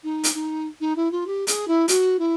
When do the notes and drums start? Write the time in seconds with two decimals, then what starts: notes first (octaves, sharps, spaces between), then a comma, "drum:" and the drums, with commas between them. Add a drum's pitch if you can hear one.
0.03 D#4
0.24 drum: hi-hat
0.34 D#4
0.80 D#4
0.96 E4
1.11 F4
1.26 G4
1.47 G#4, drum: hi-hat
1.67 E4
1.88 F#4, drum: hi-hat
2.18 E4